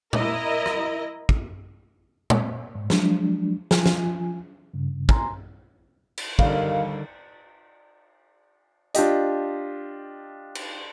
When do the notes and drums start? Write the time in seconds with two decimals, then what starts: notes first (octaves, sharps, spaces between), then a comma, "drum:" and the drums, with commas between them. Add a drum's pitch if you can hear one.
0.13 E4 A#4 D#5, drum: tom A#2
0.66 drum: rim click
1.29 drum: kick
2.30 drum: tom A#2
2.75 G#2
2.90 F3 F#3 G#3 D4, drum: snare
3.71 F3 F4 G#5, drum: snare
3.86 drum: snare
4.74 G2 C#3
5.09 G#5 A#5 C6, drum: kick
6.18 drum: cymbal
6.39 D#2 D3 D#3 G3 F5, drum: kick
8.94 D4 F4 G4 D#5, drum: hi-hat
10.55 drum: cymbal